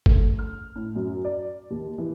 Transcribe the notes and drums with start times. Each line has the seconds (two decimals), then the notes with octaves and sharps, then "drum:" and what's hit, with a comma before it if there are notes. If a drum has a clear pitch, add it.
0.06 A3, drum: kick
0.39 F6
0.76 A2
0.96 F#2
1.25 D5
1.71 D#2
1.98 E3